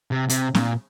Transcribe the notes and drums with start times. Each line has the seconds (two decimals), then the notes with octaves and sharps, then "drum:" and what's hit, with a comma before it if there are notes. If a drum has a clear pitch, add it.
0.11 C3
0.29 C3, drum: hi-hat
0.55 A#2, drum: snare C4